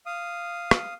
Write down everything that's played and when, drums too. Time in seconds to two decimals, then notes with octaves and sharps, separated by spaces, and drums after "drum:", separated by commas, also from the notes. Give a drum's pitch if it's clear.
0.06 F5 D#6
0.71 drum: rim click